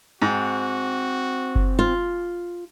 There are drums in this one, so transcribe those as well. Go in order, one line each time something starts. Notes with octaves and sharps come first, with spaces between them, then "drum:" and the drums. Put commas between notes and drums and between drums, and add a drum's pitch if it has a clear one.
G#2 C4 F#4
drum: kick F#1
F4